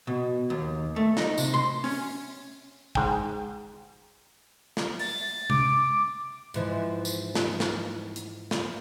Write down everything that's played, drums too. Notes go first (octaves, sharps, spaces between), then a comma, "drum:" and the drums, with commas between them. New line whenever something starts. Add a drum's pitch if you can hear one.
B2
D#2
A3
D#4, drum: snare
C3, drum: tambourine
C6
C#4, drum: open hi-hat
G#2 G5, drum: kick
drum: snare
A6, drum: open hi-hat
D6, drum: tom C3
G#2 E3 F3, drum: hi-hat
drum: tambourine
drum: snare
drum: snare
drum: hi-hat
drum: snare